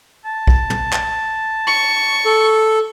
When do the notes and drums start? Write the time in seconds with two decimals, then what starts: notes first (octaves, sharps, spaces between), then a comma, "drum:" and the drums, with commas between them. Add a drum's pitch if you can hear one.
0.25 A5
0.47 drum: kick
0.70 drum: tom
0.93 drum: clap
1.67 C#6
2.25 A4